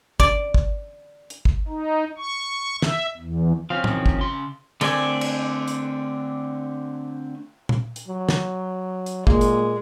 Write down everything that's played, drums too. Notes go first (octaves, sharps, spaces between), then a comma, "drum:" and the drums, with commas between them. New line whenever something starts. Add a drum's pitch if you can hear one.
D5, drum: kick
drum: kick
drum: hi-hat
drum: kick
D#4
C#6
E5, drum: snare
E2
F3 C4 C#4 F5
E2 C3 D#3, drum: tom A2
drum: kick
C#3 C6
D3 A3 C4 D5 G#5, drum: cymbal
drum: cymbal
drum: hi-hat
drum: tom A#2
drum: hi-hat
F#3
drum: snare
drum: hi-hat
A#2 G#3 A#3, drum: kick
drum: hi-hat